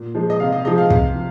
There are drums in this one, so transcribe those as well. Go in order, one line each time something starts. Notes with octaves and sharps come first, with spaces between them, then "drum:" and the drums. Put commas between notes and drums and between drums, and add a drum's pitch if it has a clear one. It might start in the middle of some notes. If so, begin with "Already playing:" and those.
Already playing: A#2
F3 G#3
D#5
C3 F5
D#5
F3 G#3 D#5
F5
C3, drum: kick
F3